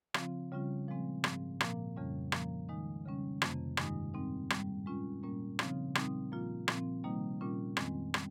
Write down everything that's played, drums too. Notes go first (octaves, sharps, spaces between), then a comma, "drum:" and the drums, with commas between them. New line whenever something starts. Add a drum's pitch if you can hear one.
C#3 F3 C4 F4, drum: rim click
C#3 G3 C#4 F4
A#2 F3 G#3 C4
G#2 F3 C4, drum: rim click
A#2 F3 A#3, drum: rim click
F2 C#3 G3 C#4
A#2 F3 A#3, drum: rim click
D#3 G#3 D#4
C#3 G3 C#4
F2 C3 D#3 A#3, drum: rim click
G2 D#3 G#3 D#4, drum: rim click
A#2 G3 C4 D#4
G#2 G3 A#3, drum: rim click
A#2 G#3 C#4 F4
A#2 G3 A#3 C#4
C#3 F3 C4 D#4, drum: rim click
A#2 G3 C4 D#4, drum: rim click
A#2 F3 A#3 F4
A#2 F3 C4, drum: rim click
C3 D#3 G3 A#3 D#4
A#2 G3 C#4 F4
F2 D#3 G#3 C4, drum: rim click
G3, drum: rim click